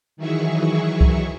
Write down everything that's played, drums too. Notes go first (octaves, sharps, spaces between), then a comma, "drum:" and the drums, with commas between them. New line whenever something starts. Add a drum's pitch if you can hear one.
D#3 E3 F#3 E4 G#4 C#6
drum: kick C2